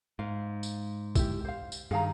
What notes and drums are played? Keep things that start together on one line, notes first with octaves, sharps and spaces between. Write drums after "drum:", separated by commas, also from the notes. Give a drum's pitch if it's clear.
G#2 F5
drum: tambourine
E4 G4, drum: kick, tambourine
C5 F5
drum: tambourine
G2 D#3 G#4 F5 A#5